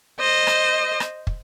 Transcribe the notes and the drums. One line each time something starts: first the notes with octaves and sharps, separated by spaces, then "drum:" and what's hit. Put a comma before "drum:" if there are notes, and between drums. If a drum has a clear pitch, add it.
C5 D#5
drum: rim click
drum: rim click
drum: kick